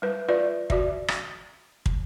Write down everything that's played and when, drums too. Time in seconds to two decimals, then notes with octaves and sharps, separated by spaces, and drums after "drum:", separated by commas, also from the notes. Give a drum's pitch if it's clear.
0.02 G3 B4
0.29 F4 B4 D5 E5
0.70 F#4 D5 E5, drum: kick
1.08 drum: rim click
1.86 drum: kick